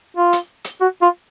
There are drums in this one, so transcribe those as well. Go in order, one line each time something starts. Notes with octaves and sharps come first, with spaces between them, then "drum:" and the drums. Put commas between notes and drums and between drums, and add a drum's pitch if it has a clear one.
F4
drum: hi-hat
drum: hi-hat
F#4
F4